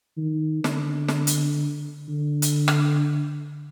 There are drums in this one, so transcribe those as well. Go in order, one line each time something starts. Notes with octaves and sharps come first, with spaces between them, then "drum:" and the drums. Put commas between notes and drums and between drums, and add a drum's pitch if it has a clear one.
D#3
D3, drum: snare
drum: snare
drum: hi-hat
D3
drum: hi-hat
drum: rim click